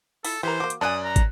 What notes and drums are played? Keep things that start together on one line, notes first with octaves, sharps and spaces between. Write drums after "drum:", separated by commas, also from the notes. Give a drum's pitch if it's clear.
E4 F4 A4, drum: open hi-hat
E3 G4 A#4 C5
A#3 F#4 D6
drum: hi-hat
F#2 D5 G#5 A5 D#6 F#6
A#5
drum: kick, hi-hat